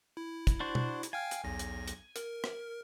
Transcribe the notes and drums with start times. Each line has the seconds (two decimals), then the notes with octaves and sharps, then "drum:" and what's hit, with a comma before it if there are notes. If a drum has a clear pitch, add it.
0.17 E4
0.47 drum: kick, hi-hat
0.60 D4 F#4 C5
0.75 drum: tom
1.03 drum: hi-hat
1.13 F5 G5 G#5 F6
1.31 drum: hi-hat
1.44 B1 E2 A#6
1.59 drum: hi-hat
1.88 drum: hi-hat
2.16 A#4, drum: hi-hat
2.44 drum: rim click